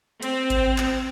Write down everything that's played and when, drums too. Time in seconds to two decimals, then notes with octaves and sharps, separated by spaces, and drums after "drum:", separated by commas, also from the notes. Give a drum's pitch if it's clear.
0.23 C4, drum: hi-hat
0.50 drum: kick G#1, hi-hat
0.78 drum: clap